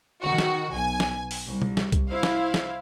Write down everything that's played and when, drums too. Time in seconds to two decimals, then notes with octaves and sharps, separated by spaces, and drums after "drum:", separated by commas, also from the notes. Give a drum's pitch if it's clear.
0.21 D#3 F#4
0.38 drum: snare
0.74 B1 G#5
1.00 drum: snare
1.31 drum: open hi-hat
1.47 C2
1.62 drum: tom B2
1.77 drum: snare
1.92 drum: kick C2, hi-hat
2.08 E4 C5 F5
2.23 drum: snare
2.54 drum: snare